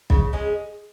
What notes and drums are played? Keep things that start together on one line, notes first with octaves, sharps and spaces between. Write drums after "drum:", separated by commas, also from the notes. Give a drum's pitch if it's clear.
C#3, drum: kick
G#3 C#4 G#4